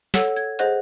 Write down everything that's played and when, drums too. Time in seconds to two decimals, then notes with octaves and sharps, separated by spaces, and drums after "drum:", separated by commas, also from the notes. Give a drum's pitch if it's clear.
0.14 A4 C#5 F#5 E6, drum: snare
0.36 G#6
0.59 G#4 C5 D#5 F#5 F#6, drum: hi-hat